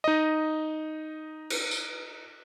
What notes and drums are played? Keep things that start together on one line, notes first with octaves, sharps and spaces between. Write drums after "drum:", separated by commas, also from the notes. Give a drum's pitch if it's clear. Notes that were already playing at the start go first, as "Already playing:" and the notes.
D#4 D#5
drum: cymbal
drum: tambourine